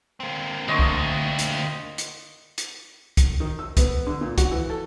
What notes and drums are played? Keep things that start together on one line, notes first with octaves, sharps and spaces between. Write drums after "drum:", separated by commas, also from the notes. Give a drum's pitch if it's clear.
A#3 C4
D2 D#5 C6 C#6
drum: kick
drum: hi-hat
drum: hi-hat
drum: hi-hat
drum: kick, hi-hat
D#3
E6
B3, drum: kick, hi-hat
D3
A#2
F#4, drum: kick, hi-hat
E3
A4